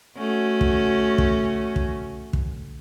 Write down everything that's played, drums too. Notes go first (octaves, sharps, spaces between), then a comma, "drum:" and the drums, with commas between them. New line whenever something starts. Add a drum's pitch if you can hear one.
A3 C#4 F#4
drum: kick
drum: kick
drum: kick
drum: kick